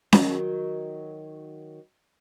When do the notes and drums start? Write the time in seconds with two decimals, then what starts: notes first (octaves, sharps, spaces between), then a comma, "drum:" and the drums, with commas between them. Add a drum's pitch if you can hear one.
0.13 D#3 F#3, drum: snare C#4